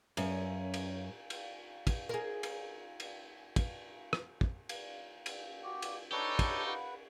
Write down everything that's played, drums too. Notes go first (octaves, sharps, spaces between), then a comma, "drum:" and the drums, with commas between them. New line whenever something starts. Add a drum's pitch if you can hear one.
F#2 C#4, drum: cymbal
drum: cymbal
drum: cymbal
drum: kick, cymbal
G#4 A#4
drum: cymbal
drum: cymbal
drum: kick, cymbal
drum: rim click
drum: kick
drum: cymbal
drum: cymbal
F#4 G4
drum: cymbal
D4 D#4 G4 A4 B4 C#5 C#6
drum: kick, cymbal
B4 F#5